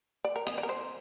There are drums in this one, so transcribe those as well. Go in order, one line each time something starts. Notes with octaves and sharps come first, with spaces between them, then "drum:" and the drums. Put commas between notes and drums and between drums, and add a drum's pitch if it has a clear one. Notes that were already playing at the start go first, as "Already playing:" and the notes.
D5
A#4
D#5, drum: hi-hat
D5
A#4
C5